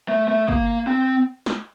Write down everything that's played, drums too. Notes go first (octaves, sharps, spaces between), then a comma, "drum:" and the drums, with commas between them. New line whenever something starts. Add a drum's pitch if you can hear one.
A3
A3
A#3, drum: kick
C4
drum: snare